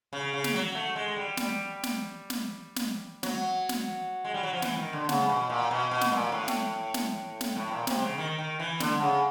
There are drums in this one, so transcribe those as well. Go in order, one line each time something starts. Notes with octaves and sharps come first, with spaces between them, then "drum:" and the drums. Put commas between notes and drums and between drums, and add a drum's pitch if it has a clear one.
C#3
C#3
drum: snare
F#3
A3
G#3
G3
G3, drum: snare
drum: snare
drum: snare
drum: snare
F#3, drum: snare
drum: snare
G#3
G3
F#3
F3
E3, drum: snare
D#3
D3
C#3, drum: snare
B2
A#2
B2
B2
drum: snare
A#2
A2
drum: snare
drum: snare
drum: snare
A2
A#2
C3, drum: snare
C#3
D#3
D#3
E3
D3, drum: snare
C#3